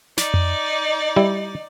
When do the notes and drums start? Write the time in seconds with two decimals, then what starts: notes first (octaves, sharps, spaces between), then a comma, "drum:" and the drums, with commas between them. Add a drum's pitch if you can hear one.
0.17 D#4 D5, drum: snare
0.34 drum: tom F2
1.16 G3 E4